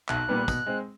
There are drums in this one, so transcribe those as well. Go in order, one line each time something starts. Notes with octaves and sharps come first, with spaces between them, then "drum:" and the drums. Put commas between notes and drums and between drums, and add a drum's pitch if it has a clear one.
B1 F#6, drum: clap
A#2 G3 B3
B2, drum: kick, tambourine
G#3 C4